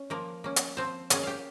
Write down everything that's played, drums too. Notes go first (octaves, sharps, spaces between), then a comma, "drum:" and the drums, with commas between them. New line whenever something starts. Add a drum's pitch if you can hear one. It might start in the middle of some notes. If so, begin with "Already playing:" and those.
Already playing: C#4
F3 A#3 A#4
A#3 C#4
drum: hi-hat
F3 C4 C5
A#3 C#4 G#4 G#5, drum: hi-hat
G4 F5 G5